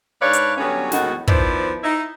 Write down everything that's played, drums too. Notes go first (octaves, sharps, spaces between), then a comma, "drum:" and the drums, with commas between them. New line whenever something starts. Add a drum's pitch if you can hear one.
G#2 D4 B4 C#5 D5 F5
drum: hi-hat
D3 F#3 G3 B3 C#4
E2 A2 D#3 D#4 F#4, drum: snare
D#3 F3 B3 E4 C5 D5, drum: kick
D#4 E4